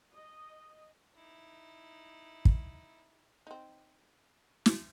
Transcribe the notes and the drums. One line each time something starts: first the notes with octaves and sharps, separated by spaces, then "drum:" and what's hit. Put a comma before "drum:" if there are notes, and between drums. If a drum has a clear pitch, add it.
D#5
D#4 E4
drum: kick
C4 D#4
drum: snare